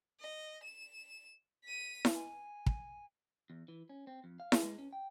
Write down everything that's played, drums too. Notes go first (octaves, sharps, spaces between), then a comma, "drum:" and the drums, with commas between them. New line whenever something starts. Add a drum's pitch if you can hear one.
D#5
E7
B6 D#7
drum: snare E4
G#5
drum: kick
E2
E3
C#4
C4
F2
F5
G#4, drum: snare E4
G#3
C#4
G5